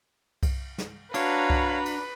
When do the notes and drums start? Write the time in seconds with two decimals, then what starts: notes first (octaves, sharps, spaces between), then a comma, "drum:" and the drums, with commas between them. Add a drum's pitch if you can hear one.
0.43 drum: kick C2, cymbal
0.78 drum: snare
1.14 D4 F#4 B4 C#5 F5 A#5, drum: cymbal
1.50 drum: kick C2
1.86 drum: cymbal